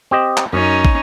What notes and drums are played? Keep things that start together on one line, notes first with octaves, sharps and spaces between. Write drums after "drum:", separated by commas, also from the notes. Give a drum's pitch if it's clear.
C4 G4 D#5
drum: clap
F#2 C#4 D#4
drum: kick